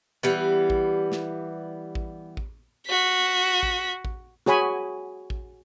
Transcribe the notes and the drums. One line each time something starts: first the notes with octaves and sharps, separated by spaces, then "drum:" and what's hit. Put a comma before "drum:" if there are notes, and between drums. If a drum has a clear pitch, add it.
E3 G3 B3
drum: kick A1
drum: snare
drum: kick A1
drum: kick A1
F#4 B6
drum: kick A1
drum: kick A1
F#4 G#4 C#5 G#5 B5, drum: snare
drum: kick A1